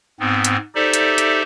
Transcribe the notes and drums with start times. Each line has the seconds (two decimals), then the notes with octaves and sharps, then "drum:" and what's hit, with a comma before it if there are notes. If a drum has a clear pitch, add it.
0.20 G#2 B3 C4
0.44 drum: hi-hat
0.75 D#4 G4 A4 C5 D5 E5
0.94 drum: hi-hat
1.18 drum: hi-hat